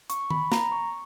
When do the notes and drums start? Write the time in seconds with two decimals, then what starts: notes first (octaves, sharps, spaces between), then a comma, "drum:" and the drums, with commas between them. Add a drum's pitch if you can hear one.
0.10 C#6, drum: hi-hat
0.30 B5, drum: tom D#3
0.52 A#5, drum: snare
0.72 C#6